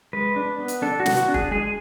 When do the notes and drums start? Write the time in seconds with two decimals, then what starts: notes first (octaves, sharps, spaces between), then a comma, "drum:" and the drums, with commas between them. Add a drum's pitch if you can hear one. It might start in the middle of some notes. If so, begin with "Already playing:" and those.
0.13 G#3 B4
0.36 D4
0.58 B3
0.68 drum: hi-hat
0.82 D4 A4
1.00 F#4
1.06 B3, drum: snare
1.17 F#4
1.28 D4
1.34 G#4, drum: kick
1.51 G#3 G#4